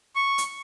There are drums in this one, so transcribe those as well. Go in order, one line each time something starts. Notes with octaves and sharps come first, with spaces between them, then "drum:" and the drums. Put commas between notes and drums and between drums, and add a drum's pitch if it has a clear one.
C#6
drum: hi-hat